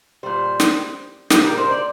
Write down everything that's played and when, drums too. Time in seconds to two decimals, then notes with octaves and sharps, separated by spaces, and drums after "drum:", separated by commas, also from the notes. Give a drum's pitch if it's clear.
0.23 A#2 G3 C5
0.60 drum: snare
1.30 A#2 G3 G4, drum: snare
1.44 A#4
1.58 C5
1.71 D5